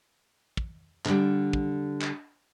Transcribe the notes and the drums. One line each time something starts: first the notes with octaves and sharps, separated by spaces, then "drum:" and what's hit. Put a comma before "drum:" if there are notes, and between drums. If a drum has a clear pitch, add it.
drum: kick
D3 G3, drum: clap
drum: kick
drum: clap